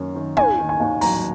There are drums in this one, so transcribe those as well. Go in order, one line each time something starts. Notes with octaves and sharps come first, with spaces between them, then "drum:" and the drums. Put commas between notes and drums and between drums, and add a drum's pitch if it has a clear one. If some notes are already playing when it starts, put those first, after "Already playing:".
Already playing: F#2 D#3 A#3 C#4
D#3
D#2 G#5, drum: tom
D#3
G#5
D#2
F#3 A#5, drum: open hi-hat